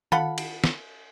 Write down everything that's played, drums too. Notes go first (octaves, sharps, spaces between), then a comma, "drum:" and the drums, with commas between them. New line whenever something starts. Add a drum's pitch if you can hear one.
F4 A4 F#5 B5, drum: tom D#3
drum: cymbal
drum: snare